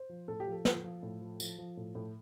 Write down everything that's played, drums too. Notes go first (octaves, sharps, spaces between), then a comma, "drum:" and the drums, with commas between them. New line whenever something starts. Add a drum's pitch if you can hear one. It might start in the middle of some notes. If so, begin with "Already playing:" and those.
Already playing: C5
F3
A2 A4
G4
F3
A4
F3, drum: snare
F3
A2
F3
F3, drum: tambourine
F3
A2
A2